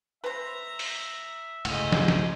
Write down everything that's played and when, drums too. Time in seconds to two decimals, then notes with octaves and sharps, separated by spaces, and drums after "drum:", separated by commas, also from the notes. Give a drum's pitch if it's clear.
0.24 B4 C5 E5 A#5
0.79 drum: open hi-hat
1.65 G1 C#2 A2 G#4 D#5 F#5, drum: cymbal
1.92 drum: snare
2.08 drum: snare